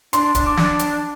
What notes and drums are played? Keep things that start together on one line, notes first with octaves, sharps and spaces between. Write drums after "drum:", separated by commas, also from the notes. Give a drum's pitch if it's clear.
D4 C6, drum: hi-hat
D4, drum: kick, hi-hat
D6
D4, drum: snare
drum: hi-hat